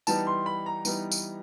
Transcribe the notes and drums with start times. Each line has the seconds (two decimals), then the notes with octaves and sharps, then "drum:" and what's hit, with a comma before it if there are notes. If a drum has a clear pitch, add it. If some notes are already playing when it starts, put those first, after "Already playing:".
0.07 E3 G3 B3 D#4 A5, drum: tambourine
0.27 C6
0.46 B5
0.66 A#5
0.85 E3 G3 B3 D#4, drum: tambourine
1.12 drum: tambourine